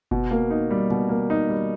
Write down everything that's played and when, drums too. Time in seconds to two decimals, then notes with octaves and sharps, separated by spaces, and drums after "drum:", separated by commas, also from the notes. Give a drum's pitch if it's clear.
0.11 B2, drum: kick F#1
0.31 A#3
0.51 D#4
0.71 G3
0.90 B2, drum: tom C3
1.09 A#3
1.30 D#4
1.49 G3